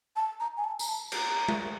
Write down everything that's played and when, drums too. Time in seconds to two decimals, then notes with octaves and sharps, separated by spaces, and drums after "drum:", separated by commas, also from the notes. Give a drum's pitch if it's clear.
0.16 A5
0.40 A#5
0.57 G#5
0.64 A5
0.79 A#5, drum: tambourine
0.88 A5
1.12 A#5, drum: cymbal
1.49 drum: tom G#3